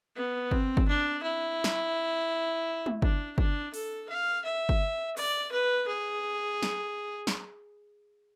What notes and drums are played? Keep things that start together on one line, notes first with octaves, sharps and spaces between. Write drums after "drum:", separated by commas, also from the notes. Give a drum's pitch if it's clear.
B3
C4, drum: kick G1
drum: kick G1
D4
E4
drum: snare
drum: tom G#3
D4, drum: kick G1
D4, drum: kick G1
A4, drum: open hi-hat
F5
E5
drum: kick G1
D5, drum: open hi-hat
B4
G#4
drum: snare
drum: snare